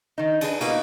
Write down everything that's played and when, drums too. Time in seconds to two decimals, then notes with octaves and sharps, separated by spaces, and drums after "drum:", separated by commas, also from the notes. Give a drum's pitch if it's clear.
0.18 D#3 D#4
0.41 D4 G#4 B4, drum: cymbal
0.60 B2 A#3 D#4 B4, drum: cymbal